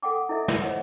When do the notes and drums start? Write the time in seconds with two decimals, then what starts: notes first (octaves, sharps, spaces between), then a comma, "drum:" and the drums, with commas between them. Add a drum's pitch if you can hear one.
0.03 A4 F#5 G5 D6
0.29 E4 A4 D#5 E5
0.48 drum: snare
0.62 C5 C#5 D#5 F#5